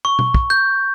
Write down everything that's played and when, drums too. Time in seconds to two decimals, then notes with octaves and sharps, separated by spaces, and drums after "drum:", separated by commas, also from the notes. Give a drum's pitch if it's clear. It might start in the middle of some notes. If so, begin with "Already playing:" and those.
0.05 C#6
0.19 drum: tom
0.34 drum: kick
0.50 G6